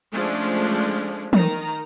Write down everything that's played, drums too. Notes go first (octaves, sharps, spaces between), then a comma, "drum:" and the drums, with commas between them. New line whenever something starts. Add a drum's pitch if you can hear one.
F3 G#3 A3 C#4 D4
drum: tambourine
D#3 A#5, drum: tom